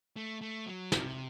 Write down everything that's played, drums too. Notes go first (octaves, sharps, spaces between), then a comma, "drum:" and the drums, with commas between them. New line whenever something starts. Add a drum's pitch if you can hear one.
A3
A3
F#3
C3, drum: snare